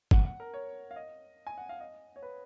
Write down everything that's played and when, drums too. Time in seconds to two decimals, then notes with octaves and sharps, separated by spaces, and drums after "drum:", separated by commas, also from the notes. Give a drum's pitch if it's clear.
0.11 F#5, drum: kick
0.25 F#5
0.40 A#4
0.54 C#5
0.91 F5
0.96 D#5
1.47 G#5
1.58 F#5
1.69 F5
1.80 D#5
2.16 C#5
2.23 B4